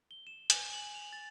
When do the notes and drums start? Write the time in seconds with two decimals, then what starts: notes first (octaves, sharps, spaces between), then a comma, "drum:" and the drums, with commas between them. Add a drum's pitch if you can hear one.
0.11 G7
0.27 E7
0.50 G#5, drum: hi-hat
0.73 F#7
0.95 F7
1.13 A6